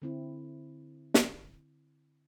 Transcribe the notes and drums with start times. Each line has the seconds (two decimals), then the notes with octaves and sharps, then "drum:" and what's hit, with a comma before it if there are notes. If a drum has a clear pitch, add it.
0.02 D3 C4 E4
1.14 drum: snare